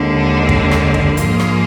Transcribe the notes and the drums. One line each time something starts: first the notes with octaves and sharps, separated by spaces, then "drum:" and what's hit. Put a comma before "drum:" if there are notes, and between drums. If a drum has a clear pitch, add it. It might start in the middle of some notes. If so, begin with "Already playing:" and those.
Already playing: D#2 D3 G#3 D4
drum: kick
drum: rim click
drum: kick
G#2 F3 A#3 F4 G#4, drum: hi-hat
drum: rim click